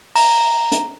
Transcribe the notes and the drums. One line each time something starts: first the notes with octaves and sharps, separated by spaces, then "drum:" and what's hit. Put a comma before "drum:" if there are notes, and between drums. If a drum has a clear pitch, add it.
A#5, drum: open hi-hat
drum: hi-hat